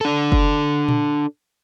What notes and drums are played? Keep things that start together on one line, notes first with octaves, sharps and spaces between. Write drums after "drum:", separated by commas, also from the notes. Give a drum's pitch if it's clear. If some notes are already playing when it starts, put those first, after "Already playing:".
D4 A4
drum: kick
drum: tom A#2